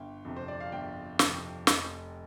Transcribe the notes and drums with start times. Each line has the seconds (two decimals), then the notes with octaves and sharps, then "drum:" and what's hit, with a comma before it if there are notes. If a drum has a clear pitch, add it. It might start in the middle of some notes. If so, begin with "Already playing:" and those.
Already playing: G1 G5
0.25 F2 C3
0.36 C5
0.48 D5
0.60 F5
0.72 G1 G5
1.19 F2 C3, drum: snare
1.67 F1, drum: snare